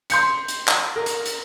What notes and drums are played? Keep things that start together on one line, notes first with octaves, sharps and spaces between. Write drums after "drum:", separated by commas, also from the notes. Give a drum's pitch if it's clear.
C6 G6 C#7, drum: hi-hat
drum: hi-hat
drum: clap
A#4
drum: hi-hat
drum: hi-hat